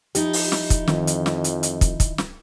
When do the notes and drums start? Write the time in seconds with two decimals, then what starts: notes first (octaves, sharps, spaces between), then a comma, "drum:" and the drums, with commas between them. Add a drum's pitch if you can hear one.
0.15 F3 D#4 E4 G4, drum: hi-hat
0.33 drum: open hi-hat
0.52 drum: snare
0.70 drum: kick, hi-hat
0.87 F2 D#3, drum: snare
1.07 drum: hi-hat
1.26 drum: snare
1.44 drum: hi-hat
1.63 drum: hi-hat
1.81 drum: kick, hi-hat
2.00 drum: kick, hi-hat
2.18 drum: snare